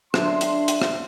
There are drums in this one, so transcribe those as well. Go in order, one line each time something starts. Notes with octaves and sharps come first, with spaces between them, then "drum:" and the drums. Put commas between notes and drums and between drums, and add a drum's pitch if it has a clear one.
D3 F#3 D4 E5 C6, drum: rim click
drum: hi-hat
drum: hi-hat
drum: rim click